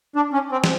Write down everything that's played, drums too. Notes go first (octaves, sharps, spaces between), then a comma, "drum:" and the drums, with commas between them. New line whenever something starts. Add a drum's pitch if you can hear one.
D4
C#4
C4
drum: snare